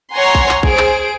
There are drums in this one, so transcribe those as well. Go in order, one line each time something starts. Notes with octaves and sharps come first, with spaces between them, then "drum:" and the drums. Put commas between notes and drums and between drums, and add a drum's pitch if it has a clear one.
C#5 F#5 G#5 A#5 C6
drum: kick A#1
drum: clap
G#4 C5 D7, drum: kick A#1
drum: clap